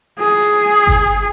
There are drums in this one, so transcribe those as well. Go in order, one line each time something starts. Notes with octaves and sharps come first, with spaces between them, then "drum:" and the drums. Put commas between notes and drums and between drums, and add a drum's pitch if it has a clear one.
G#4
drum: hi-hat
drum: kick G1, hi-hat